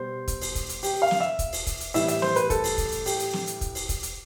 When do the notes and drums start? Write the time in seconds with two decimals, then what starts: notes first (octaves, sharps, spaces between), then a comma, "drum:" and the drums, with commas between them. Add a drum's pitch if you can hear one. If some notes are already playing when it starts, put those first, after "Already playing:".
Already playing: B2 G3 C5
0.28 drum: kick, hi-hat
0.41 drum: open hi-hat
0.55 drum: kick, hi-hat
0.69 drum: hi-hat
0.83 G4, drum: open hi-hat
1.02 F5
1.11 drum: snare
1.20 E5
1.39 drum: kick, hi-hat
1.53 drum: open hi-hat
1.67 drum: kick, hi-hat
1.80 drum: hi-hat
1.94 A2 E3 G3 E5, drum: open hi-hat
2.08 E5, drum: hi-hat
2.22 C5, drum: snare
2.36 B4, drum: hi-hat
2.50 A4, drum: kick, hi-hat
2.64 drum: open hi-hat
2.78 drum: kick, hi-hat
2.92 drum: hi-hat
3.06 G4, drum: open hi-hat
3.19 drum: hi-hat
3.33 drum: snare
3.47 drum: hi-hat
3.61 drum: kick, hi-hat
3.75 drum: open hi-hat
3.89 drum: kick, hi-hat
4.03 drum: hi-hat